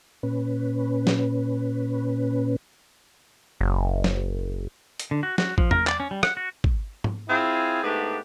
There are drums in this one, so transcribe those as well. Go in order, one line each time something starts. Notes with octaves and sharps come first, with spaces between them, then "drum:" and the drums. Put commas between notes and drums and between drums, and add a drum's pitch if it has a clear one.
A#2 C#4 B4
drum: snare
F#1
drum: snare
drum: hi-hat
D3
F#4
F#4, drum: snare
F3, drum: kick
A#4, drum: tom E2
D5, drum: clap
C#4
G3
F#5, drum: rim click
F#4
drum: kick
drum: tom
C4 E4 F4 G#4
G#2 A3 B3 D4 G4